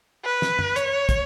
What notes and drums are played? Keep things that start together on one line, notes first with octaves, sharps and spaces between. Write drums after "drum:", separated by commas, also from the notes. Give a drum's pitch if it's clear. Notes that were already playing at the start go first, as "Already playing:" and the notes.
B4
drum: snare
drum: tom
C#5, drum: hi-hat
drum: kick, hi-hat